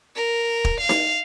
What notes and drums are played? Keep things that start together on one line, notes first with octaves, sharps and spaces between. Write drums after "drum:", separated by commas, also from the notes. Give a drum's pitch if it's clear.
A#4
drum: kick
F5
drum: snare D#4